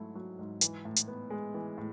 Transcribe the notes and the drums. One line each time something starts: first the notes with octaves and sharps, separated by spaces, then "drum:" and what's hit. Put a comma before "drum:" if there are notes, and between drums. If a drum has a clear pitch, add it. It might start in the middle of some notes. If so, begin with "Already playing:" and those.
Already playing: G#2 F#3 A3 E4
F#3
G#2
E3, drum: hi-hat
A2
drum: hi-hat
B3
G#3
E3
A2